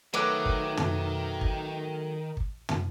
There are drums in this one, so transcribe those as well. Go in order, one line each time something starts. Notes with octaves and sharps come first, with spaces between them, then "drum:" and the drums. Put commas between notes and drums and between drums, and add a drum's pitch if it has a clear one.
D#3 F#3 A3 B4 D6 F#6
drum: kick
drum: tom
drum: kick
drum: kick
drum: tom